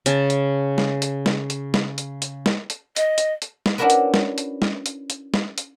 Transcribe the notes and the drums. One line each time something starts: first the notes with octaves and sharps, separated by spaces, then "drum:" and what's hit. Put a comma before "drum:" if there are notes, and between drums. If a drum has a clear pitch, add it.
C#3 A5, drum: hi-hat
drum: hi-hat
drum: snare
drum: hi-hat
drum: snare
drum: hi-hat
drum: snare
drum: hi-hat
drum: hi-hat
drum: snare
drum: hi-hat
D#5, drum: hi-hat
drum: hi-hat
drum: hi-hat
drum: snare
C#4 D4 E4 F#4 A#4 B4
drum: hi-hat
drum: snare
drum: hi-hat
drum: snare
drum: hi-hat
drum: hi-hat
drum: snare
drum: hi-hat